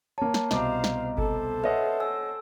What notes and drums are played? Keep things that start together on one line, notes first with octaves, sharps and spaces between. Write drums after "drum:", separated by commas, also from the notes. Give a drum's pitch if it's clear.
A#3 C#5 A5
drum: snare
C2 B2 C5 D#5 F5 A#5 D6, drum: snare
drum: snare
A4 C5, drum: kick G1
B4 C#5 D#5 E5 F#5
G#5 E6